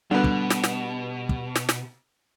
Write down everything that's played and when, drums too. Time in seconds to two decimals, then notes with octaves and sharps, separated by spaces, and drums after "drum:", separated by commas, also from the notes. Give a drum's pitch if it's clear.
0.11 B2 D3 G3 B3
0.24 drum: kick
0.50 drum: snare
0.64 drum: snare
1.29 drum: kick
1.56 drum: snare
1.69 drum: snare